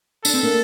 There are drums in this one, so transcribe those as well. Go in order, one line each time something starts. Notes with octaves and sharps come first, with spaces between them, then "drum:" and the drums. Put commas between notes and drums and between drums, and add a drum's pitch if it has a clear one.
D4 A4, drum: tambourine
C4
A#3 D4